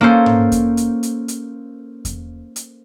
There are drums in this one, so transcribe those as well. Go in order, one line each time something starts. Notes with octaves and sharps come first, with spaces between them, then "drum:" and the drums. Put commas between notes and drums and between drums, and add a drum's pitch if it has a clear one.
A#3 C#4 A4 C5
drum: tom G#2
drum: kick E2, hi-hat
drum: hi-hat
drum: hi-hat
drum: hi-hat
drum: kick E2, hi-hat
drum: hi-hat